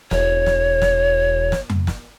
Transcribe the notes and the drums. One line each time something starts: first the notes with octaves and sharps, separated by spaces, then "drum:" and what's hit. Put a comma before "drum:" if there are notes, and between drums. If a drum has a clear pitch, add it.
E1 C#5, drum: snare
drum: snare
drum: snare
drum: snare
drum: tom F2
drum: snare